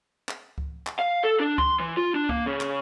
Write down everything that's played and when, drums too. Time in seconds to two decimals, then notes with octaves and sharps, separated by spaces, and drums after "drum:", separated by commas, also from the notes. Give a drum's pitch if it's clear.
0.29 drum: clap
0.58 drum: kick C#2
0.87 drum: clap
0.99 F5
1.23 A4
1.40 D4
1.58 C6, drum: kick C#2
1.80 E3
1.97 F4
2.15 D4
2.29 A#3, drum: kick C#2
2.46 C#3
2.61 drum: clap